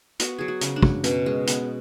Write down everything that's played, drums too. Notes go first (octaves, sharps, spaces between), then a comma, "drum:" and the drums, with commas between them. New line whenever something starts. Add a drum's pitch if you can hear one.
B3 F#4, drum: hi-hat
F#3 G#4
F#4
C#3, drum: hi-hat
D4
F#3, drum: kick
B2 C#4, drum: hi-hat
G#3
B3, drum: hi-hat